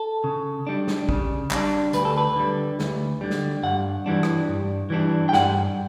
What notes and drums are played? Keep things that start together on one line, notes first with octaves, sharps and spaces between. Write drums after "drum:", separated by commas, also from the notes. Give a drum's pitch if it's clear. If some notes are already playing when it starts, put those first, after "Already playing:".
Already playing: A4
C#3
G3 D4
drum: snare
C#3, drum: kick A1
G3 D4, drum: clap
D2 B4, drum: hi-hat
A4
B4
D3 G3
D2, drum: snare
D3 G3
drum: snare
G2 F#5
E3 G3 D4
drum: rim click
G2
E3 G3 D4
G5
G2 F#5, drum: snare